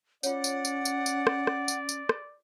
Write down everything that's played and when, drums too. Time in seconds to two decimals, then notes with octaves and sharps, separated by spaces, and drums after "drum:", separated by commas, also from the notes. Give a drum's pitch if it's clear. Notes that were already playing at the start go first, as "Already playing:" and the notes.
0.23 C#4 F4 C#5 D5 F#5, drum: tambourine
0.44 drum: tambourine
0.65 drum: tambourine
0.85 drum: tambourine
1.06 drum: tambourine
1.27 drum: rim click
1.47 drum: rim click
1.68 drum: tambourine
1.89 drum: tambourine
2.09 drum: rim click